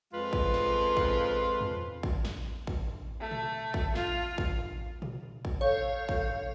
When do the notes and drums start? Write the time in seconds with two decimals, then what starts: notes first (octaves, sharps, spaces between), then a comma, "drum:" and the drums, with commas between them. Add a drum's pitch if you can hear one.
0.13 F2 F3 G#3 F4 B4 F5
0.33 drum: kick A1
0.54 drum: snare
0.97 drum: kick A1
1.61 drum: tom E2
2.03 drum: kick A1
2.25 drum: snare
2.67 drum: kick A1
3.20 A3
3.31 drum: tom A#2
3.74 drum: kick A1
3.95 F4, drum: snare
4.38 drum: kick A1
5.02 drum: tom A#2
5.45 drum: kick A1
5.61 A4 C#5 F5 G6
6.09 drum: kick A1